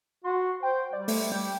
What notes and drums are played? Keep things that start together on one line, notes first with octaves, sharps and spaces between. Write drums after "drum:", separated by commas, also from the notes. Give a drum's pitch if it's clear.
F#4 C6
C5 G5
G3 D5
A3, drum: open hi-hat
G3 G5